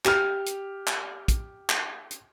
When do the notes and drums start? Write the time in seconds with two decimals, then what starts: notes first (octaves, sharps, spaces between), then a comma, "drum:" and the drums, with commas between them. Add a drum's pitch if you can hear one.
0.05 G4 F6, drum: clap
0.46 drum: hi-hat
0.87 drum: clap
1.28 drum: kick, hi-hat
1.69 drum: clap
2.11 drum: hi-hat